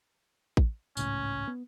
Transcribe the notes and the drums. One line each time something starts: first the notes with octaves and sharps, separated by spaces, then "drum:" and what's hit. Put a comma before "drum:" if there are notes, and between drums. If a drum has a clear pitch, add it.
drum: kick A1
G#1 C#2 A2 C#4, drum: tambourine
B3